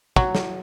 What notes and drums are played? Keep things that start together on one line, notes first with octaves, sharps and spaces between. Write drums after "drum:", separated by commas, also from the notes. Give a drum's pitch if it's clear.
F#3, drum: kick
drum: snare